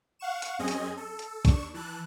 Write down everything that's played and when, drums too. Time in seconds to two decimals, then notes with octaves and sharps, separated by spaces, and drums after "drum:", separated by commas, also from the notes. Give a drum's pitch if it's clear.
0.19 F5 F#5 C#6 E7
0.42 drum: hi-hat
0.59 F#2 C4 C#4 G#4 D#5 G#5
0.68 drum: hi-hat
0.97 A4
1.19 drum: hi-hat
1.45 D#2 D4 C#6 E7, drum: kick, hi-hat
1.74 E3 A5 F#6